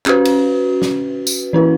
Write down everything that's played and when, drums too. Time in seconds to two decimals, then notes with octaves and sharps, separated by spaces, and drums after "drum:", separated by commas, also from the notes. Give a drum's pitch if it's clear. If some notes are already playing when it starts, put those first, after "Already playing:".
0.06 C#4 F#4 B4, drum: clap
0.25 drum: cymbal
0.82 drum: snare
1.27 drum: tambourine
1.53 E3 C#4 E4 B4